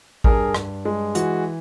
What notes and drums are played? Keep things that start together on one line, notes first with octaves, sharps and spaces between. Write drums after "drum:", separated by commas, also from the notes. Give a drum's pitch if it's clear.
G2 G#4 A#4, drum: kick A1
G2, drum: rim click
G#3
E3 F#4, drum: hi-hat